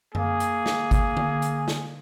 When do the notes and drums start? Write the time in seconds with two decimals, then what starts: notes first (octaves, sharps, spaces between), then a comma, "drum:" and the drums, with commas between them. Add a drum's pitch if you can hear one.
0.15 A#3 G#4, drum: tom F#2
0.40 drum: hi-hat
0.66 drum: snare
0.91 drum: kick G#1, hi-hat
1.17 drum: tom D3
1.42 drum: hi-hat
1.68 drum: snare